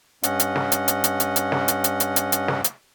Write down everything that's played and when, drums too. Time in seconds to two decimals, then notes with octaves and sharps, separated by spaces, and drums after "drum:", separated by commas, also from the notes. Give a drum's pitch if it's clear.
0.23 G2 C#4 D#5 F#5, drum: hi-hat
0.39 drum: hi-hat
0.56 drum: snare
0.72 drum: hi-hat
0.88 drum: hi-hat
1.04 drum: hi-hat
1.20 drum: hi-hat
1.36 drum: hi-hat
1.52 drum: snare
1.68 drum: hi-hat
1.84 drum: hi-hat
2.00 drum: hi-hat
2.16 drum: hi-hat
2.32 drum: hi-hat
2.48 drum: snare
2.64 drum: hi-hat